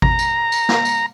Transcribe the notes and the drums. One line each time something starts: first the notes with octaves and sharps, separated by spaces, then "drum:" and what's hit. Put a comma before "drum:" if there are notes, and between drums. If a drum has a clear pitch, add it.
A#5, drum: kick G#1
drum: tambourine
drum: tambourine
drum: snare
drum: tambourine